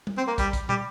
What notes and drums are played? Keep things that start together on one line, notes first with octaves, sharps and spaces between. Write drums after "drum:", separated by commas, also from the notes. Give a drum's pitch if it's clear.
drum: tom
C4
A#3
G3, drum: kick, hi-hat
drum: kick, hi-hat
G3, drum: tom